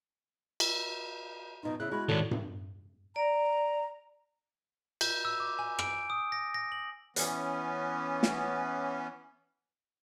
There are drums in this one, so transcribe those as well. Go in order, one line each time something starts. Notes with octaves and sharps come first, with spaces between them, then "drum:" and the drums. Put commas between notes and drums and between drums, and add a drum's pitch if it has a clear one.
drum: cymbal
F#2 B2 D#4 F4
C#3 E4 F#6
G#3 E4 F#4 B5
G#2 D#3 A4 C#5 D5
drum: tom G2
D5 A#5
G6, drum: cymbal
E6
D6
G#5
D7, drum: rim click
D#6
A#6
A#6
F#7
E3 B3 C#4, drum: hi-hat
drum: snare